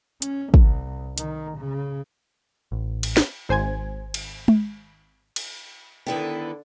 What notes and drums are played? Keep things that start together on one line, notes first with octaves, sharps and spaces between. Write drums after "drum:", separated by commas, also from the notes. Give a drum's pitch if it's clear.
C#4, drum: hi-hat
C2, drum: kick
D#3, drum: hi-hat
C#3
A1
drum: cymbal
drum: snare
G#1 C5 G#5 G#6
drum: cymbal
drum: tom G#3
drum: cymbal
D3 D#3 B3 E4 A4 B4 G5